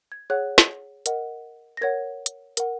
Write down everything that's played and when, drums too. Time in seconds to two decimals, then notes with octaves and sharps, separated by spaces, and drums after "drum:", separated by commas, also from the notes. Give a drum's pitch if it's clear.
0.12 G#6
0.30 G#4 C#5 F#5 F#6
0.58 drum: snare
1.06 A#4 D#5 F#5, drum: hi-hat
1.77 A#6
1.81 A#4 C#5 F#5 G#6
2.26 drum: hi-hat
2.57 A#4 F#5, drum: hi-hat